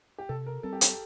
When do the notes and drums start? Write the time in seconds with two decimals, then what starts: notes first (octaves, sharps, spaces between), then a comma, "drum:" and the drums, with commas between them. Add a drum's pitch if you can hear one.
0.18 G4
0.29 C3 A4
0.46 A#4
0.63 G3 C4 A4
0.73 G4
0.81 A4, drum: hi-hat